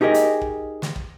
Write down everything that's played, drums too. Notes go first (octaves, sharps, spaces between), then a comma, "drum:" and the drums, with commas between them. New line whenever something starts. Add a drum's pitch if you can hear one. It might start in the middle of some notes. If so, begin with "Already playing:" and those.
D#4 G4 G#4 A#4 D#5
drum: hi-hat
drum: kick
drum: snare
drum: kick